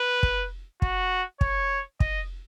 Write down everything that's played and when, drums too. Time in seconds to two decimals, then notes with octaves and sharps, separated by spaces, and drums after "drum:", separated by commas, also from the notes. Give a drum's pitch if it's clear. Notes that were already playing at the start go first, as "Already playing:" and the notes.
Already playing: B4
0.23 drum: kick
0.82 F#4, drum: kick
1.41 C#5, drum: kick
2.00 D#5, drum: kick